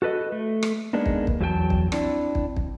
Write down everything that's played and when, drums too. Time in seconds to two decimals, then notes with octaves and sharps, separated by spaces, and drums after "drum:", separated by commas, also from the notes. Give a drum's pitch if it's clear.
0.02 F#4 A4 B4 D#5
0.32 A3
0.63 drum: rim click
0.93 G#3 A#3 B3 D4 D#4
1.06 drum: kick
1.27 drum: kick
1.40 E2 F#3 A3 G5 A5
1.70 drum: kick
1.92 C4 D4 E4, drum: rim click
2.35 drum: kick
2.57 drum: kick